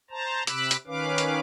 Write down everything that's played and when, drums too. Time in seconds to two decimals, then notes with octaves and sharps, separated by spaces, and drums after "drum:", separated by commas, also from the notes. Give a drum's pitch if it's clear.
0.11 C5 A5 A#5
0.47 C3 B5 D6 E6 F#6, drum: hi-hat
0.71 drum: hi-hat
0.87 D#3 C#4 B4 F5 D6
1.18 drum: hi-hat